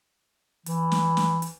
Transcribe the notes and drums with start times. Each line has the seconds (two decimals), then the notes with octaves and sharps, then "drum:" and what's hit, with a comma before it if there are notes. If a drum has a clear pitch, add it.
0.66 E3, drum: hi-hat
0.92 drum: snare
1.17 drum: snare
1.42 drum: hi-hat